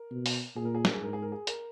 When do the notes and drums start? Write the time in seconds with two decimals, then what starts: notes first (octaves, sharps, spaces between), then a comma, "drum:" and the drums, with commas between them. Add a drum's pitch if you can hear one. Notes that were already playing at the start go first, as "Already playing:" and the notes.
Already playing: A#4
0.11 B2
0.26 drum: open hi-hat
0.56 A#2 G#4
0.65 A#4
0.75 G#4
0.85 A#4, drum: snare
0.94 G#4
1.01 G#2 A#4
1.13 G#4
1.22 A#4
1.32 G#4
1.47 A#4, drum: hi-hat